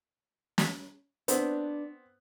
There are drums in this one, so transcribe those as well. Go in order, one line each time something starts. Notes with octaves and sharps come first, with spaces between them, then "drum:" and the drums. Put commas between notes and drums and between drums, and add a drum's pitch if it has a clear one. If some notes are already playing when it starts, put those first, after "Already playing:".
drum: snare
B3 C4 D4 B4, drum: hi-hat